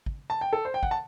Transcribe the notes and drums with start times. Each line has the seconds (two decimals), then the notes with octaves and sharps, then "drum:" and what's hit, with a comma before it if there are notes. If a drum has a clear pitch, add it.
0.06 drum: kick
0.30 A5
0.41 G5
0.53 A4
0.65 C5
0.74 G5
0.83 F#5, drum: kick
0.91 A5